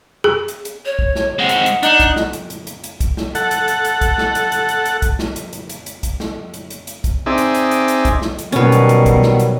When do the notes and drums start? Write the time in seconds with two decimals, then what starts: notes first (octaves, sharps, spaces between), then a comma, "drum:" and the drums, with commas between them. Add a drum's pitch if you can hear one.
0.24 G#4
0.48 drum: hi-hat
0.65 drum: hi-hat
0.86 C#5
0.99 drum: kick
1.16 drum: snare
1.39 G#3 C4 F#5
1.49 drum: hi-hat
1.66 drum: hi-hat
1.83 D4 D#4 F#6, drum: hi-hat
2.00 drum: kick, hi-hat
2.16 drum: snare
2.33 drum: hi-hat
2.50 drum: hi-hat
2.67 drum: hi-hat
2.84 drum: hi-hat
3.00 drum: kick, hi-hat
3.17 drum: snare
3.35 A4 F#5, drum: hi-hat
3.51 drum: hi-hat
3.68 drum: hi-hat
3.85 drum: hi-hat
4.01 drum: kick, hi-hat
4.18 drum: snare
4.35 drum: hi-hat
4.52 drum: hi-hat
4.69 drum: hi-hat
4.85 drum: hi-hat
5.02 drum: kick, hi-hat
5.19 drum: snare
5.36 drum: hi-hat
5.53 drum: hi-hat
5.70 drum: hi-hat
5.86 drum: hi-hat
6.03 drum: kick, hi-hat
6.20 drum: snare
6.54 drum: hi-hat
6.70 drum: hi-hat
6.87 drum: hi-hat
7.04 drum: kick, hi-hat
7.26 C4 D#4 G#4 D5 E5
7.38 drum: hi-hat
7.54 drum: hi-hat
7.71 drum: hi-hat
7.88 drum: hi-hat
8.05 drum: kick, hi-hat
8.22 drum: snare
8.39 drum: hi-hat
8.52 B2 D#3 F#3 G3 B3 C#4, drum: hi-hat
8.72 drum: hi-hat
8.89 drum: hi-hat
9.06 drum: kick, hi-hat
9.23 drum: snare
9.39 drum: hi-hat